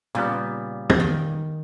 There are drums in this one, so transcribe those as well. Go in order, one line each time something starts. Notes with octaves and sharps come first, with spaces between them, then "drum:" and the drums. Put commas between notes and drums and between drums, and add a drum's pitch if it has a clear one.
A#2 C#3 G3 B3
drum: tom
D#3